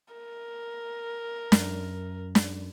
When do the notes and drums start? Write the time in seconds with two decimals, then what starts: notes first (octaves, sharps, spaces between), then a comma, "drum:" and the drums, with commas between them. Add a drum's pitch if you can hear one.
0.14 A#4
1.52 F#2, drum: snare
2.35 drum: snare